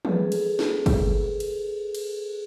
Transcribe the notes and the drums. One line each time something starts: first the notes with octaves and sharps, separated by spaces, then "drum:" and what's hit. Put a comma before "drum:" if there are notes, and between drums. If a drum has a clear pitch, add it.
G#4 A4 B4, drum: tom E3
drum: cymbal
drum: snare
drum: kick, cymbal
drum: cymbal
drum: cymbal